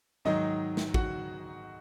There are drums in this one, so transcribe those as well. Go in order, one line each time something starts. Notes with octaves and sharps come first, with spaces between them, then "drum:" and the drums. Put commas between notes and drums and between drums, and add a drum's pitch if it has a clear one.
G#2 D#3 F#3 D#4 D#5
drum: snare
F#4 F#5, drum: kick